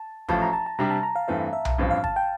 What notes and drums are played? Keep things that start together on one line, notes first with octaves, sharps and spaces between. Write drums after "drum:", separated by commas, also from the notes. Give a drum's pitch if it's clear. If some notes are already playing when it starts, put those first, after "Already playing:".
Already playing: A5
A1 A2 F3 A5, drum: kick
A#5
A5
A5
C3 G3 D4 G4 A#5
A5
A#5
F5
G2 E3 A3 C4 F5
E5
drum: tom B1
A1 G2 F3 C4 F4
F5
A5, drum: kick
G5